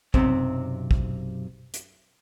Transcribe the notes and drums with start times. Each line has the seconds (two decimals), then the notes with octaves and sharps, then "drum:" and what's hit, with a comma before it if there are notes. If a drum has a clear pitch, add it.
0.14 B1 F#2 C3 C4, drum: kick
0.91 drum: kick
1.74 drum: hi-hat